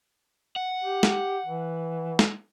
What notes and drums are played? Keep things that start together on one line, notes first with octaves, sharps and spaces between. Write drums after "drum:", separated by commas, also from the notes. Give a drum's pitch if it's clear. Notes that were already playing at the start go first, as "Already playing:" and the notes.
F#5
G4
drum: snare
E3
drum: snare